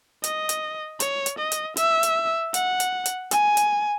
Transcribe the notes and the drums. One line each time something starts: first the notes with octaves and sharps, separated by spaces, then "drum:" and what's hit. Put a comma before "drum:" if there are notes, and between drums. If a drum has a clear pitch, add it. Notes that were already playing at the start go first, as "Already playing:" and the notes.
D#5, drum: hi-hat
drum: hi-hat
C#5, drum: hi-hat
drum: hi-hat
D#5
drum: hi-hat
E5, drum: hi-hat
drum: hi-hat
F#5, drum: hi-hat
drum: hi-hat
drum: hi-hat
G#5, drum: hi-hat
drum: hi-hat